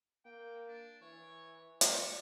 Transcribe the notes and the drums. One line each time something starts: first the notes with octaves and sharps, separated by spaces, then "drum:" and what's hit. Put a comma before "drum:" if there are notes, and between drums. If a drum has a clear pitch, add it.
A#3 G5
D4
E3 C#5
D5 C#6, drum: hi-hat